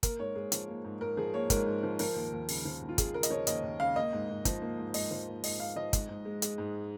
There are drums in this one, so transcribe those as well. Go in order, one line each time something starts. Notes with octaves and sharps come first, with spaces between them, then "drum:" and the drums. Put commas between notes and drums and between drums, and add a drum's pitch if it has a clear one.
A#3 A#4, drum: kick, hi-hat
G#2 C#5
G#2 G#4
F3, drum: hi-hat
A#3
G#2
G#2 A#4
F3 G#4
A#3 C#5
G#2 A#4, drum: kick, hi-hat
G#2
F3
F3 A#4, drum: open hi-hat
D#2
D#2
C#3, drum: open hi-hat
F3
D#2
F4
D#2 G#4, drum: kick, hi-hat
C#3 A#4
D#5, drum: hi-hat
F3 C#5
D#2 D#5, drum: hi-hat
D#2
C#3 F5
A#3 D#5
G#2
G#2
F3, drum: kick, hi-hat
A#3
G#2
G#2 D#5, drum: open hi-hat
F3
A#3
G#2 D#5, drum: open hi-hat
G#2 F5
F3 D#5
G#2, drum: kick, hi-hat
G#2
G#3
G#3, drum: hi-hat
G#2